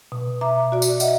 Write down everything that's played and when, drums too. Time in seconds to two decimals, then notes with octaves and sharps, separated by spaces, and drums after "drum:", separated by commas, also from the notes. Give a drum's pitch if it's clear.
0.12 B2
0.41 E5 A#5 D6
0.72 F#4 D5
0.82 drum: tambourine
1.00 D#5 E5 F#5, drum: tambourine